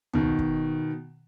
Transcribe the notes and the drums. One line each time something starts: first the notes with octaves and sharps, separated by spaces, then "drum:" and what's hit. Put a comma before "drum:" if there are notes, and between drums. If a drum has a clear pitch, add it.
B2 D#3, drum: tom
drum: kick